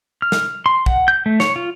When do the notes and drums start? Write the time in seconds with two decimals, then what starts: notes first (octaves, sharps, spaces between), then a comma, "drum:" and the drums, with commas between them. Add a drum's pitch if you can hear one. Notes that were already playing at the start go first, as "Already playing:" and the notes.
0.22 F6
0.32 drum: snare
0.66 C6
0.86 F#5, drum: kick
1.08 G6
1.26 A3
1.40 C#5, drum: snare
1.56 F4